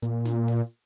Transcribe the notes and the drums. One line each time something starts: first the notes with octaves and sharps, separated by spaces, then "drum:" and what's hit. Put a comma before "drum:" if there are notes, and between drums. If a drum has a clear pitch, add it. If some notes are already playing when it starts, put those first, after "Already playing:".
A#2, drum: hi-hat
drum: snare
drum: open hi-hat